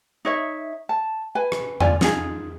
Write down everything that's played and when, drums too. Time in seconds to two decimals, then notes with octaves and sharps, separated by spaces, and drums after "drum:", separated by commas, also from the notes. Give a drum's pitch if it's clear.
0.25 D#4 C#5 E5
0.89 A5
1.35 B4 G#5
1.52 drum: rim click
1.80 F4 D5 G#5, drum: tom E2
2.01 D#4 F4 G#4, drum: snare